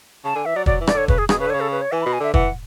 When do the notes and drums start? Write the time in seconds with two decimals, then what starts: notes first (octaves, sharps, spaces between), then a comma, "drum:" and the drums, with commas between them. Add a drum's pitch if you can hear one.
0.25 C#3 A5
0.35 D3 G#5
0.46 E3 E5
0.56 F#3 D5
0.66 F#3 D5, drum: kick
0.81 E3
0.87 D5, drum: rim click
0.94 D3 C#5
1.08 C#3 B4, drum: kick
1.18 G#4
1.29 B2 G#4, drum: rim click
1.40 C#3 B4
1.47 D3
1.50 C#5
1.54 C#3
1.60 A4
1.72 B4
1.82 C#5
1.92 E3 G#5
2.02 B5
2.06 B2
2.13 G#5
2.20 D3 E5
2.34 E3 F#5, drum: kick